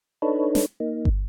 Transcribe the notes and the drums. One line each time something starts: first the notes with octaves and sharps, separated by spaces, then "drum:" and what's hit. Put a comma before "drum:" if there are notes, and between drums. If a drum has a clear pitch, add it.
D4 D#4 A4 B4 C#5
drum: snare
A#3 D#4
drum: kick G1